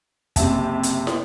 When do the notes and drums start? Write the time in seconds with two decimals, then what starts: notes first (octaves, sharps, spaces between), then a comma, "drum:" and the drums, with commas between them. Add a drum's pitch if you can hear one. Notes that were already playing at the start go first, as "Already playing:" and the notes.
0.36 F#1 C3 E5 A5, drum: kick, hi-hat
0.83 drum: hi-hat
1.07 drum: snare